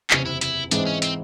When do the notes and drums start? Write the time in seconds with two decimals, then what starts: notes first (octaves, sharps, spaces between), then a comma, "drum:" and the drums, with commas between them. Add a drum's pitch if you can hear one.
0.10 F#1 E2 C3 C#4, drum: clap
0.26 E4
0.41 E4, drum: hi-hat
0.71 G#2 E3 G#3 C4 D4 D#4, drum: hi-hat
0.86 C#4
1.02 C4, drum: hi-hat